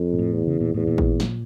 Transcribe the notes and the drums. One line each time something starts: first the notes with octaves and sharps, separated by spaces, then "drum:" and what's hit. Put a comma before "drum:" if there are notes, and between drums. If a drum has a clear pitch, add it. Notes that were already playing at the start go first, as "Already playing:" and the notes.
Already playing: F2
A#2
A2
E2
C#3
A#2
E2 A2
A#2
drum: kick A1
drum: snare